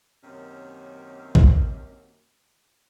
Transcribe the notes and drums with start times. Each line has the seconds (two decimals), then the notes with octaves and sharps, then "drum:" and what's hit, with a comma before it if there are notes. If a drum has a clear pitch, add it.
0.24 F#2 C3 D#3 F#3 A#3 C#4
1.35 drum: kick A1